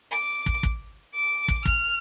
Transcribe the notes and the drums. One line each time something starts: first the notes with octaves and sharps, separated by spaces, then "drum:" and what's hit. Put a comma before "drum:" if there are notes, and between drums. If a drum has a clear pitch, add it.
D6
drum: kick
drum: kick
D6
drum: kick
F6, drum: kick